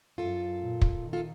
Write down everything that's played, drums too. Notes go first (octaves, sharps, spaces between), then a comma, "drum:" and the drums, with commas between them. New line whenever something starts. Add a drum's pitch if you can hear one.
F#2 F4 A4
A#2
drum: kick
D#3
F4 A4